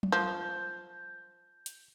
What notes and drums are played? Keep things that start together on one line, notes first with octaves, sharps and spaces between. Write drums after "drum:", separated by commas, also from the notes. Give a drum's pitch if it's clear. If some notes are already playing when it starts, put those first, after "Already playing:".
drum: tom F#3
F3 G6
drum: hi-hat